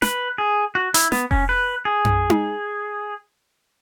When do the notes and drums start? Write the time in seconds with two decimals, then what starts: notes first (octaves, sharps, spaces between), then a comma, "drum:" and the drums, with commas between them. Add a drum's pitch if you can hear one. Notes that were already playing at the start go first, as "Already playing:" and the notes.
0.02 B4, drum: snare
0.38 G#4
0.75 F#4
0.94 E4, drum: hi-hat
1.12 B3, drum: snare
1.31 C#4, drum: kick F1
1.49 B4
1.85 G#4
2.05 drum: tom F#2
2.30 drum: tom D#4